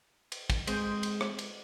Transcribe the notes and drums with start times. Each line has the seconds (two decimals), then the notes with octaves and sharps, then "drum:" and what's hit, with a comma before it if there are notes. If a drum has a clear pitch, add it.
0.32 drum: cymbal
0.50 drum: kick, cymbal
0.67 G#3 C4 C5 G5, drum: cymbal
1.03 drum: cymbal
1.21 drum: rim click
1.39 drum: cymbal